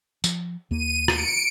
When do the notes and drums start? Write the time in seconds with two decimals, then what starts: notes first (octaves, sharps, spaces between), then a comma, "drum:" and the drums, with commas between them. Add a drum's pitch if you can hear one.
0.24 F3, drum: tambourine
0.71 D#2 A#3 D#7
1.08 C#7 D7, drum: rim click